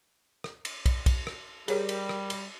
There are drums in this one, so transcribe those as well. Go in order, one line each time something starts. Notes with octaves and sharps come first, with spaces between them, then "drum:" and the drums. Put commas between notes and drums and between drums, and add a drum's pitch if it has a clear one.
drum: rim click
drum: cymbal
drum: kick, cymbal
drum: kick, cymbal
drum: rim click
G3 G4 G#4 A#4 C#5, drum: cymbal
drum: cymbal
drum: rim click
drum: cymbal